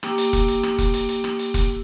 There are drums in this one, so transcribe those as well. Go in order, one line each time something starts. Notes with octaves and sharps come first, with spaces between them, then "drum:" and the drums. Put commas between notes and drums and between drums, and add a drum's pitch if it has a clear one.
A#3 G4 G5 D6 E6, drum: rim click
drum: hi-hat
drum: kick F1, hi-hat
drum: hi-hat
drum: rim click
drum: kick F1, hi-hat
drum: hi-hat
drum: hi-hat
drum: rim click
drum: hi-hat
drum: kick F1, hi-hat